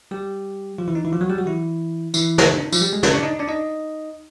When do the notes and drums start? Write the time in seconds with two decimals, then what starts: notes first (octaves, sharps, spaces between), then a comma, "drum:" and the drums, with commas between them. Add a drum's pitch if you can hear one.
0.11 G3 G4
0.78 F3 F4
0.88 E3 E4
0.95 D#4
1.05 E3 E4
1.12 F3 F4
1.21 F#3 F#4
1.30 G3 G4
1.38 F#3 F#4
1.46 E3 E4
2.14 E3 E4, drum: tambourine
2.38 drum: snare
2.47 D#4
2.56 D4
2.65 D#4
2.72 F3 F4, drum: tambourine
2.81 G3 G4
2.93 G#3 G#4
3.03 C#4 C#5, drum: snare
3.14 D4 D5
3.23 D#4 D#5
3.39 D4 D5
3.48 D#4 D#5